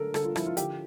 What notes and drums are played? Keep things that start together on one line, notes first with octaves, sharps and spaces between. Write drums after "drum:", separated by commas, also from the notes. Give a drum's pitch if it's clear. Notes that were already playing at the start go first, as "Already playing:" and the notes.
Already playing: D3 A3 A4 A#4
D3 A4, drum: rim click
F4
F3 E4, drum: rim click
F4
D3 G4, drum: hi-hat